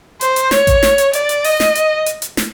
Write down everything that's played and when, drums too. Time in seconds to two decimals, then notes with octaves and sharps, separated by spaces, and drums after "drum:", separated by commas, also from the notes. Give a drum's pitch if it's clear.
0.21 C5, drum: hi-hat
0.36 drum: hi-hat
0.51 C#5, drum: snare
0.67 drum: kick A1, hi-hat
0.83 drum: snare
0.98 drum: hi-hat
1.13 D5, drum: hi-hat
1.29 drum: hi-hat
1.44 D#5, drum: open hi-hat
1.60 drum: snare
1.75 drum: hi-hat
2.06 drum: hi-hat
2.22 drum: hi-hat
2.37 drum: snare